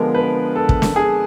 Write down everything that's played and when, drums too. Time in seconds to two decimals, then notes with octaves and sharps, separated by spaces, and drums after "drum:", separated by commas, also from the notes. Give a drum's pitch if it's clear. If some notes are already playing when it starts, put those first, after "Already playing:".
Already playing: D3 F3 G#3 B3 D4 A#4
0.15 B4
0.56 A4
0.69 drum: kick
0.82 drum: snare
0.96 G#4